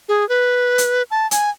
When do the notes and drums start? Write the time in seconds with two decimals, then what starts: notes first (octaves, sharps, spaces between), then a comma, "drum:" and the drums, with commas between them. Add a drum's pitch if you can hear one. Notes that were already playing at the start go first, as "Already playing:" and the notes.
0.09 G#4
0.29 B4
0.78 drum: hi-hat
1.11 A5
1.31 G#5, drum: hi-hat